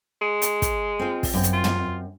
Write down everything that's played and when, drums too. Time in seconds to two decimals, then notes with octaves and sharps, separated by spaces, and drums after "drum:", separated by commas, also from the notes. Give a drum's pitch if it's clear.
0.21 G#3
0.42 drum: hi-hat
0.62 drum: kick, hi-hat
1.00 C4 F4
1.23 drum: kick, open hi-hat
1.34 F#2 C4
1.43 drum: hi-hat
1.53 F4
1.64 drum: tom